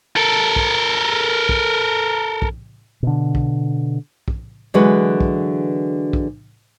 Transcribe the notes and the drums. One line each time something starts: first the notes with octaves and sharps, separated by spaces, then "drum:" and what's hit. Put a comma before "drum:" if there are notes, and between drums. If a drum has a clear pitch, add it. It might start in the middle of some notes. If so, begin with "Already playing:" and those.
A4 A#4
drum: kick
drum: kick
drum: kick
B2 D3
drum: kick
drum: kick
D3 E3 F#3 G#3 F#4 B4
drum: kick
drum: kick